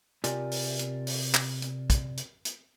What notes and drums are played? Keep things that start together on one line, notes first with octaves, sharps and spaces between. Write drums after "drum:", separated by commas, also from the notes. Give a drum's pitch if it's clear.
C3 F4 G4 A#4 D5 G#5, drum: hi-hat
drum: open hi-hat
drum: hi-hat
drum: open hi-hat
drum: clap
drum: hi-hat
drum: kick, hi-hat
drum: hi-hat
drum: hi-hat